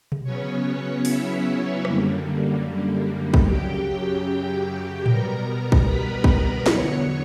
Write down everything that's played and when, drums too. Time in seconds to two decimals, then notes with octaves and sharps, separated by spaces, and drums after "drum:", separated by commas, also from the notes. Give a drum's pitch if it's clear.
0.12 drum: tom B2
0.24 C#3 F#3 B3 C#4 C#5
1.05 E4 E5, drum: open hi-hat
1.85 F#2 D3 G3 A#3, drum: rim click
3.34 drum: kick
3.46 F#2 C#3 F#3 G4 G5
3.85 G4 G5
5.06 B2 G3 B3 A#4 A#5, drum: tom A2
5.72 drum: kick
5.86 B4 B5
6.24 drum: kick
6.66 E2 D3 F#3 B3 C#5 C#6, drum: snare